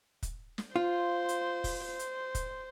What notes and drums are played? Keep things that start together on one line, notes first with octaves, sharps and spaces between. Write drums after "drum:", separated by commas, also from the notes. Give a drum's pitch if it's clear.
drum: kick, hi-hat
drum: snare
F4 C5
drum: hi-hat
drum: kick, open hi-hat
C5
drum: hi-hat
drum: kick, hi-hat